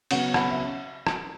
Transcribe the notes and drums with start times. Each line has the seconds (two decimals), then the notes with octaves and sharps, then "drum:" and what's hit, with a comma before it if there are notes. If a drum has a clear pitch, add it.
0.11 C#3 F#3 B3 C#5 F#5, drum: cymbal
0.34 F#5 B5, drum: rim click
0.50 E5
1.07 drum: rim click